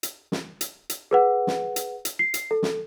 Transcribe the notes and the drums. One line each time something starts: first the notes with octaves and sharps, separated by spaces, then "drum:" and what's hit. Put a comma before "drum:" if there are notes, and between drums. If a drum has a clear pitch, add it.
drum: hi-hat
drum: snare
drum: hi-hat
drum: hi-hat
G#4 B4 F#5
drum: snare
drum: hi-hat
drum: hi-hat
C7
drum: hi-hat
A4
drum: snare